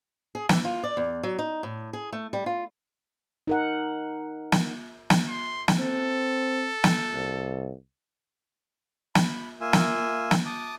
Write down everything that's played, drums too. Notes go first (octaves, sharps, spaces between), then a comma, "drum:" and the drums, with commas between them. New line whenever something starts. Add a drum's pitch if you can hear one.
G#4
E3, drum: snare
F4
D5
E2
F#3
D#4
A2
G#4
A3
G3
F4
D#4 A#4 F#5
drum: snare
drum: snare
C6
drum: snare
C4 A4
drum: snare
C2
B5, drum: snare
A#3 F4 E5 G#5
drum: snare
drum: snare
A5 D6 D#6